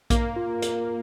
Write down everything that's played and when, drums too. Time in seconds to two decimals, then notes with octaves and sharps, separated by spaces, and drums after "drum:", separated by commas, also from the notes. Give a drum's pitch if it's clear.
0.10 A#3 A#4, drum: kick A#1, hi-hat
0.36 F4
0.62 A#4, drum: hi-hat